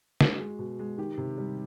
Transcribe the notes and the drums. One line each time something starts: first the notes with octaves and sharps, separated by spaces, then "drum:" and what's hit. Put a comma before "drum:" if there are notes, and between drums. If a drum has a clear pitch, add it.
G#3 F#4, drum: snare
G#3
B2
G#3
D#3 G4
C3
G3